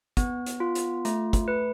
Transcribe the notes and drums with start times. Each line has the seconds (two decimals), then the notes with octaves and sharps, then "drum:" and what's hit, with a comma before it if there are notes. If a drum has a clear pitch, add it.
0.17 B3, drum: kick, hi-hat
0.46 drum: hi-hat
0.60 F4
0.75 drum: hi-hat
1.05 A3, drum: hi-hat
1.33 drum: kick, hi-hat
1.48 B4